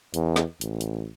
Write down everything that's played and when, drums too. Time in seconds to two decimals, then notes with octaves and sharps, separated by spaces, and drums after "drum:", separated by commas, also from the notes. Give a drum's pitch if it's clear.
0.14 E2, drum: hi-hat
0.36 drum: snare
0.61 A1, drum: hi-hat
0.81 drum: hi-hat